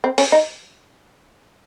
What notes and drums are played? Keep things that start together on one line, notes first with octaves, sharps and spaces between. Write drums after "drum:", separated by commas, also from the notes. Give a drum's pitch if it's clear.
C4
C#4, drum: open hi-hat
D#4